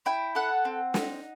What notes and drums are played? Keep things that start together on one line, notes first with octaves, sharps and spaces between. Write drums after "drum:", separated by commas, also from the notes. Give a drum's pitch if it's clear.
E4 G5
A4 F#5
C4
D#4, drum: snare